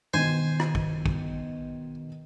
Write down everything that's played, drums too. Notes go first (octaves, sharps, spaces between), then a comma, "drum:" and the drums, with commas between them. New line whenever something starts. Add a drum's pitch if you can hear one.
B2 D#3 C5 G#5
drum: rim click
drum: kick
drum: kick